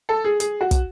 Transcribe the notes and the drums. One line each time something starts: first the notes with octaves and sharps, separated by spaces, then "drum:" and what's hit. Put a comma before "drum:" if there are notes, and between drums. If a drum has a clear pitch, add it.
A4
G#4
G#4, drum: hi-hat
F#4
drum: kick, hi-hat